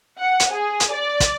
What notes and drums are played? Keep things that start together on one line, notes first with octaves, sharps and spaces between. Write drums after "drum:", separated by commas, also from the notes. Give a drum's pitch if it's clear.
F#5
drum: hi-hat
G#4
drum: hi-hat
D5
drum: kick, hi-hat